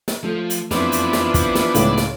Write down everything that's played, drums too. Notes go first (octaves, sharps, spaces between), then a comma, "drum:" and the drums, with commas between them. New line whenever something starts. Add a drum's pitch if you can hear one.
drum: snare
F3 A3
drum: hi-hat
F2 E3 B3 D4 F4 C5, drum: snare
drum: hi-hat
drum: snare
drum: kick, hi-hat
drum: snare
C#2 A2 C#3 D5, drum: hi-hat
drum: snare